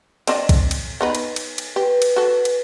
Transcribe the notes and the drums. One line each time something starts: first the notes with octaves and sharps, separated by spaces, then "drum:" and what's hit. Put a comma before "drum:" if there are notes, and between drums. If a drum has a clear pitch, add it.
C4 D4 D#5, drum: cymbal
drum: kick B1, cymbal
drum: cymbal
B3 D#4 B4
drum: cymbal
drum: cymbal
drum: cymbal
G4 B4
drum: cymbal
F#4 A4
drum: cymbal